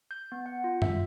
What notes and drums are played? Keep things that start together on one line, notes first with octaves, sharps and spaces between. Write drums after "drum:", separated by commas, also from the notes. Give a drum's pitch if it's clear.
G6
B3
F#5
F4
E5, drum: tom F#2